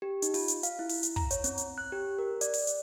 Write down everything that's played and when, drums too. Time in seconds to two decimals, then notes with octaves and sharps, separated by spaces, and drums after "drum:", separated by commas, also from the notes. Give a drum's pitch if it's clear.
0.02 G4
0.22 D#4, drum: hi-hat
0.34 F4, drum: open hi-hat
0.48 drum: hi-hat
0.63 F5, drum: hi-hat
0.79 E4
0.89 drum: open hi-hat
1.03 drum: hi-hat
1.16 A#5, drum: kick
1.31 C#5, drum: hi-hat
1.44 C4, drum: hi-hat
1.58 drum: hi-hat
1.78 F#6
1.92 G4
2.19 A#4
2.41 D5, drum: hi-hat
2.54 drum: open hi-hat
2.67 drum: hi-hat